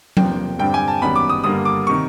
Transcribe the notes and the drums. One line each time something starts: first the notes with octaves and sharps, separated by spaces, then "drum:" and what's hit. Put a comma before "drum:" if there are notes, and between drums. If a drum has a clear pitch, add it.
E2 C3 F3 A#3 G5, drum: tom F#3
G2 D3 G3 C4 G5
G#5
A5
F#1 F#2 D#3 G3 B3 B5
D6
D#6
G2 D3 G3 A#3 D#6
D6
C3 D#3 C#6